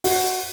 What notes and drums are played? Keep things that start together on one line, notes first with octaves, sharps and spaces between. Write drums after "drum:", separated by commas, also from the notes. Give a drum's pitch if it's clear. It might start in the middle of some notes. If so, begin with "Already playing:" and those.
F#4, drum: open hi-hat